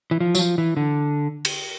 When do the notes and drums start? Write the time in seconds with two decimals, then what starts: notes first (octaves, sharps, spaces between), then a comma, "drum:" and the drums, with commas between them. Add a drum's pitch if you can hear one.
0.11 E3
0.20 F3
0.35 F#3, drum: tambourine
0.39 F3
0.58 E3
0.77 D3
1.45 drum: cymbal